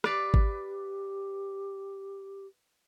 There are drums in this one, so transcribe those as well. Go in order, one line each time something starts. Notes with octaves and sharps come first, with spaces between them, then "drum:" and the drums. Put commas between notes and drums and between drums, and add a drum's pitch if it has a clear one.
G4 B4 D5 F5, drum: rim click
drum: kick G#1